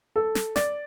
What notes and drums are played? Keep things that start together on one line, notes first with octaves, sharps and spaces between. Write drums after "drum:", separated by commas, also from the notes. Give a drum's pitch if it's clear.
A4
drum: snare
D5, drum: snare